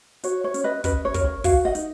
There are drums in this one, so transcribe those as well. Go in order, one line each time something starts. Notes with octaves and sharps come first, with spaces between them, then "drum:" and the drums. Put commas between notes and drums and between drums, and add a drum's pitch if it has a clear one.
F#4 C#5, drum: hi-hat
C#5
C#4, drum: hi-hat
B4 D#5
C#4 B4 D#5, drum: kick, hi-hat
C#5
A#4, drum: kick, hi-hat
C#5
F#4 C#5 F5, drum: kick, open hi-hat
D#5 F#5
D#4, drum: hi-hat